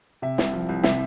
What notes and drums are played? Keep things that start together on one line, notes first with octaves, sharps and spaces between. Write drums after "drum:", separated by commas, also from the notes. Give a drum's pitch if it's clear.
C3 E5
C2, drum: snare
F3
C2
C3 E5, drum: snare